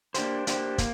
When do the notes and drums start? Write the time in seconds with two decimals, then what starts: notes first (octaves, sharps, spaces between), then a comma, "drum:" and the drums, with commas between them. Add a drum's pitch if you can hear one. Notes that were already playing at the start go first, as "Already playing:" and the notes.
0.14 A#3 D4 G4 C5, drum: hi-hat
0.47 A#3 D4 G4 C5, drum: hi-hat
0.78 A#3, drum: kick, hi-hat